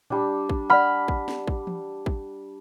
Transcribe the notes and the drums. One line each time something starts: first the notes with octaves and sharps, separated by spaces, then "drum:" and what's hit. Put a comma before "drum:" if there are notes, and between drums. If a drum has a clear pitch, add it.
G3 D4, drum: tom A2
drum: kick
D5 F#5 B5 F6
drum: kick
drum: snare
drum: kick
drum: tom E3
drum: kick